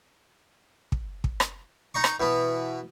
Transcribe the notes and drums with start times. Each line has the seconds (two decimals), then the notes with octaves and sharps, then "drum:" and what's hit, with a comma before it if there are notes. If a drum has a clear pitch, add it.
0.92 drum: kick
1.24 drum: kick
1.40 drum: rim click
1.95 D#4 A#5 C#6
2.04 drum: rim click
2.20 B2 E3 B3